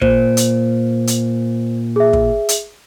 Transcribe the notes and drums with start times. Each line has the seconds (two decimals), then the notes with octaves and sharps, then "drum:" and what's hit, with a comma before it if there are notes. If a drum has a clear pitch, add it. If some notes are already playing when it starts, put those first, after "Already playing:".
0.02 A#2 C5, drum: kick
0.37 drum: hi-hat
1.07 drum: hi-hat
1.96 G#4 E5
2.13 drum: kick
2.49 drum: hi-hat